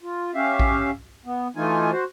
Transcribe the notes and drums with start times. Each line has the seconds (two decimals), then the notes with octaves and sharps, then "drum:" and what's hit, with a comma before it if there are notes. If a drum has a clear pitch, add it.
0.03 F4
0.35 C#4 G4 E5 F5
0.59 drum: kick A1
1.26 B3
1.56 E3 A3 D#4 F4 G#5
1.92 F#4 C5